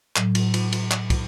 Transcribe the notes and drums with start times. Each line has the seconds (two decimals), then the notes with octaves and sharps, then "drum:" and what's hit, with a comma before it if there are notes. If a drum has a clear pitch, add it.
0.16 A2 F#3, drum: clap
0.35 drum: cymbal
0.54 drum: cymbal
0.73 drum: cymbal
0.91 drum: clap
1.10 drum: kick, cymbal